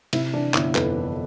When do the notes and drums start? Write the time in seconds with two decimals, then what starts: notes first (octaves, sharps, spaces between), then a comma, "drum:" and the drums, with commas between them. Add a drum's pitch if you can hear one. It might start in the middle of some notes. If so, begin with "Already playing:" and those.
0.13 C3 E4, drum: cymbal
0.34 E3 D4
0.54 G1 E4, drum: clap
0.75 F2 B4, drum: clap
0.96 E3